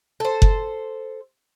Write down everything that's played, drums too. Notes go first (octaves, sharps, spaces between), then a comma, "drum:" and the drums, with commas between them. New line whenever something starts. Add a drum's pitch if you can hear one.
A4 C5
drum: kick F#1